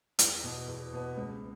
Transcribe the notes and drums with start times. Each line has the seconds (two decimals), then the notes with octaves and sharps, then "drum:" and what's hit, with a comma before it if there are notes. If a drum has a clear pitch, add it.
0.19 E2, drum: hi-hat
0.43 B2 B3
0.68 E2
0.93 B2 B3
1.17 C#2